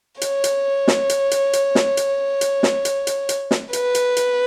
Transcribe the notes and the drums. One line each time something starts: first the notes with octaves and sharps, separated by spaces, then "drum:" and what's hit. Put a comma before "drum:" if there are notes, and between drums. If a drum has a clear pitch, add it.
C#5, drum: hi-hat
drum: hi-hat
drum: snare
drum: hi-hat
drum: hi-hat
drum: hi-hat
drum: snare
drum: hi-hat
drum: hi-hat
drum: snare
drum: hi-hat
drum: hi-hat
drum: hi-hat
drum: snare
B4, drum: hi-hat
drum: hi-hat
drum: hi-hat